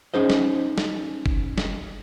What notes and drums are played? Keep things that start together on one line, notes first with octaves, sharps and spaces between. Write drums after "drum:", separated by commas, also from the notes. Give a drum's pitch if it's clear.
C#4 D#4 G#4 C5 D#5
drum: snare
drum: snare
drum: kick
drum: snare